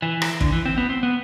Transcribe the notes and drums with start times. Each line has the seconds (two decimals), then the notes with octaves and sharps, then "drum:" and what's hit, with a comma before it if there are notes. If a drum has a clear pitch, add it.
0.02 E3
0.22 drum: rim click
0.41 D3, drum: kick
0.52 E3
0.65 C4
0.78 B3
0.90 C4
1.03 B3